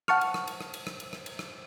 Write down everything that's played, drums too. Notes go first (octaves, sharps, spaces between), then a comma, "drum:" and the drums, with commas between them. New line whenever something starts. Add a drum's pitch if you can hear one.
F#5 A5 C#6 F6, drum: rim click
drum: cymbal
drum: rim click
drum: cymbal
drum: rim click
drum: cymbal
drum: rim click
drum: cymbal
drum: rim click
drum: cymbal
drum: rim click